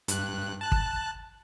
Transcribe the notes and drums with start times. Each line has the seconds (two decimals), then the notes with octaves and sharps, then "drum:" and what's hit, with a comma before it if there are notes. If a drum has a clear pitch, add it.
0.08 G2 F#6, drum: hi-hat
0.61 A5 F#6
0.72 drum: kick